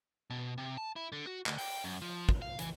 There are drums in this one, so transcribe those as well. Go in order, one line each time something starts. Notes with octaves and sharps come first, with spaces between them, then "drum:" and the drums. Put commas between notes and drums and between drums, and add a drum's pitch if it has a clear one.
B2
C3
A5
E4
D3
F#4
D2, drum: clap
G5, drum: open hi-hat
F#2
F3
drum: kick
F5
E3, drum: hi-hat